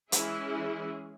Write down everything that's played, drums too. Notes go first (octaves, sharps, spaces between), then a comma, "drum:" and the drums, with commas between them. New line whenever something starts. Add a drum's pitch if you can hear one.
E3 G#3 C#4 E4 G#4, drum: hi-hat